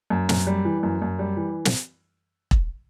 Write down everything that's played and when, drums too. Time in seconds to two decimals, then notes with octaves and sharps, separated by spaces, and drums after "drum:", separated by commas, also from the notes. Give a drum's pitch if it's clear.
0.10 F#2
0.29 F#2, drum: snare
0.47 G3
0.65 E3
0.83 F#2
1.02 F#2
1.19 G3
1.37 E3
1.65 drum: snare
2.51 drum: kick E1